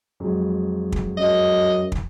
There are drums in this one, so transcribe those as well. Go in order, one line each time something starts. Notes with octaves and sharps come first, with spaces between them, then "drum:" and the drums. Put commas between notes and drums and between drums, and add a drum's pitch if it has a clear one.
F2 F#3 G#3
drum: kick
F#2 D#5
drum: kick